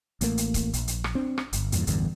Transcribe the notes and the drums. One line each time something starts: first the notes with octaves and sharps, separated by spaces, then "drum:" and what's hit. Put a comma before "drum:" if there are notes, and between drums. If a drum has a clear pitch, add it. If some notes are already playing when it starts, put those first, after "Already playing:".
A1 A3 A#3, drum: hi-hat
drum: hi-hat
drum: kick C#1, hi-hat
A#1, drum: hi-hat
drum: hi-hat
drum: rim click
C4 D4
drum: rim click
G1, drum: hi-hat
E2 G2 A#2, drum: hi-hat
A1 E2 G2 D3, drum: hi-hat